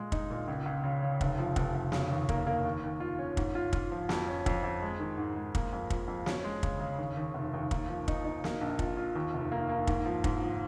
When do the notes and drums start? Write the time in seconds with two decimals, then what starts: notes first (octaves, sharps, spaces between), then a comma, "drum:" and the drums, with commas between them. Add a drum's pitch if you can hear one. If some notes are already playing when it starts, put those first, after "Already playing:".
Already playing: A#2 G#3
0.12 D#4, drum: kick
0.30 A#2
0.48 C#2
0.66 C#2
0.84 C#3
1.02 C#3
1.21 F1, drum: kick
1.38 F3
1.56 F1, drum: kick
1.74 F1
1.92 C#3, drum: snare
2.11 D#2
2.29 A#3, drum: kick
2.47 A#3
2.65 D#2
2.83 D#2
3.00 F4
3.19 C#4
3.37 G#2, drum: kick
3.55 F4
3.73 F4, drum: kick
3.91 F3
4.09 F2, drum: snare
4.28 C#4
4.46 F2, drum: kick
4.64 F2
4.82 G#3
5.00 D#3
5.18 G#2
5.36 G#3
5.55 A#3, drum: kick
5.73 F2
5.90 F3, drum: kick
6.08 F2
6.26 C#4, drum: snare
6.44 G#3
6.63 C#3, drum: kick
6.80 C#3
6.98 D#2
7.17 D#2
7.34 F1
7.53 D#2
7.71 A#3, drum: kick
7.88 F3
8.08 D#4, drum: kick
8.25 D#4
8.44 A#3, drum: snare
8.61 A#1
8.79 F4, drum: kick
8.97 F4
9.15 D#2
9.34 F1
9.52 A#3
9.69 A#3
9.87 G#2, drum: kick
10.06 F3
10.24 G#2, drum: kick
10.42 F3